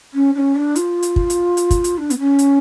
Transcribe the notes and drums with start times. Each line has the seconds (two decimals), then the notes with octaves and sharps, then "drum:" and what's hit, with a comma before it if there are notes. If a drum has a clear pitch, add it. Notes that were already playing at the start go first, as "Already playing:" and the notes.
0.13 C#4
0.34 D4
0.38 C#4
0.55 D4
0.76 F4, drum: hi-hat
1.02 drum: hi-hat
1.16 drum: kick
1.30 drum: hi-hat
1.57 drum: hi-hat
1.71 drum: kick, hi-hat
1.84 drum: hi-hat
1.98 D4
2.10 B3, drum: hi-hat
2.18 C#4
2.39 drum: hi-hat